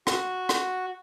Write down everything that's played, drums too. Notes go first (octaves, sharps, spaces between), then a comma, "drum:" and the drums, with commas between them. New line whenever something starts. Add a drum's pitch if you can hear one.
F#4, drum: rim click
drum: rim click